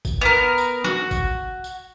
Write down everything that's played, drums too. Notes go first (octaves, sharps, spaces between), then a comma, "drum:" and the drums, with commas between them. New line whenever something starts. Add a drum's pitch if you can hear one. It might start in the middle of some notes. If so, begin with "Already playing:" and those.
drum: kick, tambourine
B3 A#4
drum: tambourine
F#4, drum: snare
drum: kick, tambourine
drum: tambourine